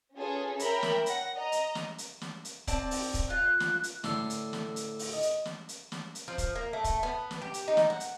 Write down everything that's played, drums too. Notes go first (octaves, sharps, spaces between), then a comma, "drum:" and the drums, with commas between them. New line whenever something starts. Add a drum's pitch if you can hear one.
C#4 F4 G#4 A4 B4
A#4 C#5 E5 G5 A#5 B5, drum: hi-hat
drum: snare
F#5 A#6, drum: hi-hat
D#5 A#5
drum: hi-hat
drum: snare
drum: hi-hat
drum: snare
drum: hi-hat
C4 D5 A5, drum: kick, hi-hat
drum: open hi-hat
drum: kick, hi-hat
F4 F#6
drum: snare
drum: hi-hat
A2 D3 A4 C6, drum: snare
drum: hi-hat
drum: snare
drum: hi-hat
drum: open hi-hat
D#5
drum: hi-hat
drum: snare
drum: hi-hat
drum: snare
drum: hi-hat
F3
drum: kick, hi-hat
A#3
A3
drum: kick, hi-hat
B3
drum: snare
G4
drum: hi-hat
D#4
drum: snare
F#5
drum: hi-hat